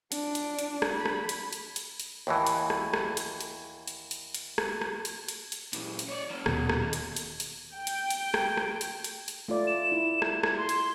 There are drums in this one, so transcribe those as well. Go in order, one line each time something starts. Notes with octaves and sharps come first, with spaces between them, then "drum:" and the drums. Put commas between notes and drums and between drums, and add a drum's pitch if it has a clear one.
D4, drum: hi-hat
drum: hi-hat
drum: hi-hat
drum: rim click
B5
drum: rim click
drum: hi-hat
drum: hi-hat
drum: hi-hat
drum: hi-hat
D#2 A2 E3
drum: hi-hat
drum: rim click
drum: rim click
drum: hi-hat
drum: hi-hat
drum: hi-hat
drum: hi-hat
drum: hi-hat
drum: rim click
drum: rim click
drum: hi-hat
drum: hi-hat
drum: hi-hat
A#2 E3, drum: hi-hat
drum: hi-hat
C#5 D5
A#3 C#4
D#1 D#2 B2, drum: rim click
drum: rim click
D#2
drum: hi-hat
drum: hi-hat
drum: hi-hat
G5
drum: hi-hat
drum: hi-hat
drum: rim click
drum: rim click
drum: hi-hat
drum: hi-hat
drum: hi-hat
A3 F4 D5
E7
E4
drum: rim click
G#6, drum: rim click
C6
drum: hi-hat